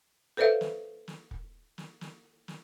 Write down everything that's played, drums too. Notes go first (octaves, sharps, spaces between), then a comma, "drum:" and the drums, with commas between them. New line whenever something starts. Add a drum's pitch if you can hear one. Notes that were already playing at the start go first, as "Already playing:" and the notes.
A4 B4 C5 D5 E5 F5
drum: snare
drum: snare
drum: kick
drum: snare
drum: snare
drum: snare